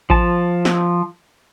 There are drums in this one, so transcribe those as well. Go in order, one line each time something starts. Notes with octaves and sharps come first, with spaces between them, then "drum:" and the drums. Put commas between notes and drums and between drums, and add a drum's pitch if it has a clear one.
F3 A5, drum: kick A1
drum: snare